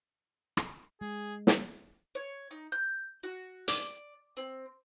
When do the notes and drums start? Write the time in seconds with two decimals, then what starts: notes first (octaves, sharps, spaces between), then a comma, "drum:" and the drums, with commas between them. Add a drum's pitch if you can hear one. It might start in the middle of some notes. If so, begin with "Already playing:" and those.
0.57 drum: rim click
1.01 G#3 G#4
1.47 drum: snare
2.15 C#5
2.51 D#4
2.72 G6
3.23 F#4
3.68 D5, drum: hi-hat
4.37 C4